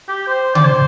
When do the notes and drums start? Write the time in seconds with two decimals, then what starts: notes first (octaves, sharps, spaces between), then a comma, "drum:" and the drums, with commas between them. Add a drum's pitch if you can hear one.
0.09 G4
0.28 C5
0.55 D5, drum: tom C#3
0.65 C5